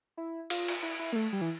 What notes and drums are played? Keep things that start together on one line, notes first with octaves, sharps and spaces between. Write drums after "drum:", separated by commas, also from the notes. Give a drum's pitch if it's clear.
E4
F4, drum: cymbal
drum: cymbal
E4
E4
A#3
A3
G3
E3